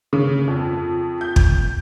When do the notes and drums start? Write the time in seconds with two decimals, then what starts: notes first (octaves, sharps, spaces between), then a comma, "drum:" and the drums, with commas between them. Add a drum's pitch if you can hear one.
0.13 C#3
0.48 F2
1.21 G6
1.36 drum: kick